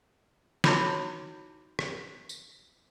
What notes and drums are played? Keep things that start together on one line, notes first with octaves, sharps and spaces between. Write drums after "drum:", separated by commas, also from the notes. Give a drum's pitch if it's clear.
D#4 E4 F#4 C#5 B5 D6, drum: snare
drum: rim click
drum: tambourine